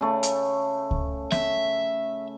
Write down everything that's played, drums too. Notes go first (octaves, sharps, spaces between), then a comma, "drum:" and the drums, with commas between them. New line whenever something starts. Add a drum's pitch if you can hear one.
C#3 A3
drum: hi-hat
drum: kick C#2
E5, drum: snare